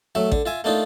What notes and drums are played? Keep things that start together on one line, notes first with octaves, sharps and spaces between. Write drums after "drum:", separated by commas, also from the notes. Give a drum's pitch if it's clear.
F#3 A3 E5
D3, drum: kick A1
F4 E5 G#5
A3 A#3 D4 D#4 F4